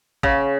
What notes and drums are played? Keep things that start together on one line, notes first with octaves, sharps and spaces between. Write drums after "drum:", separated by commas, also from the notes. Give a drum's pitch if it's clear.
C#3, drum: kick A1